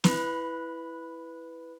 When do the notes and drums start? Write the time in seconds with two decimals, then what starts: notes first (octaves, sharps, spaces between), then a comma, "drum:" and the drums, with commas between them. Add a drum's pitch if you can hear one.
0.04 E4 B4 B5, drum: snare